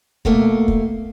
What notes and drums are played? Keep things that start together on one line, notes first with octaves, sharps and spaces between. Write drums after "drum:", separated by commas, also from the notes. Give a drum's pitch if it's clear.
B2 A3 A#3, drum: kick
drum: kick